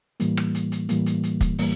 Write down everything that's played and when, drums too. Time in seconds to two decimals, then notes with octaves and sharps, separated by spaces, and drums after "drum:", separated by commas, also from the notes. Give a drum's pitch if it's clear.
0.20 A2 E3 G3 A#3, drum: hi-hat
0.37 drum: rim click
0.55 drum: hi-hat
0.72 drum: hi-hat
0.89 A2 E3 G3 A#3, drum: hi-hat
1.06 drum: hi-hat
1.23 drum: hi-hat
1.41 drum: kick, hi-hat
1.58 A2 E3 G3 A#3, drum: open hi-hat